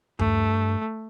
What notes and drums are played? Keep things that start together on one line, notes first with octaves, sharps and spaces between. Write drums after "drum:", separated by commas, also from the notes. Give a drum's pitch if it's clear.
G2 A3, drum: tom D#2